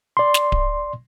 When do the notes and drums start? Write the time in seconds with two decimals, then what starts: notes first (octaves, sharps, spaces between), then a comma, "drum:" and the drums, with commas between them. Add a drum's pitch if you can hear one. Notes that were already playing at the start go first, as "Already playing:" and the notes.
0.17 D5 C6
0.34 drum: snare
0.52 drum: kick D1